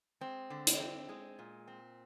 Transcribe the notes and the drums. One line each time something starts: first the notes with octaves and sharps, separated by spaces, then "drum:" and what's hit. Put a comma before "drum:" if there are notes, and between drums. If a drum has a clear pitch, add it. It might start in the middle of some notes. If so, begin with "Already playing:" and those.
G#3 C4
D3
drum: hi-hat
C4
G#3
A#2
C4